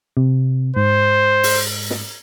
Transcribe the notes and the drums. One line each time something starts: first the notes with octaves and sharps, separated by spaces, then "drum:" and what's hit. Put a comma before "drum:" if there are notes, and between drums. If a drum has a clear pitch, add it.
C3
G#2 C5
drum: open hi-hat
drum: snare